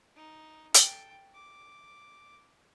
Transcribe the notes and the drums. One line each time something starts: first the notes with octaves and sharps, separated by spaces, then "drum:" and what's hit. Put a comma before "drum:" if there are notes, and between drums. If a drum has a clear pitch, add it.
D#4
A4 G5, drum: hi-hat
D6